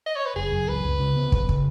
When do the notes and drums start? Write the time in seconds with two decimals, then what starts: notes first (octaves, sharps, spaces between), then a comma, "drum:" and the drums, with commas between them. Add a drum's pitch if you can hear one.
0.06 D#5
0.16 C#5
0.26 B4
0.36 F#1 G#4
0.52 F#2
0.68 C#2 B4
0.85 C#2
1.00 C#3
1.16 B3
1.32 F#2, drum: kick
1.49 C#3, drum: kick